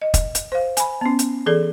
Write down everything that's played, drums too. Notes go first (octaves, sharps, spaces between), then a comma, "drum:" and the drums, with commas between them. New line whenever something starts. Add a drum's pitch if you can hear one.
D#5
drum: kick, hi-hat
drum: hi-hat
C5 F5
G#5 B5, drum: hi-hat
B3 C#4
drum: hi-hat
E3 G#4 A4 D5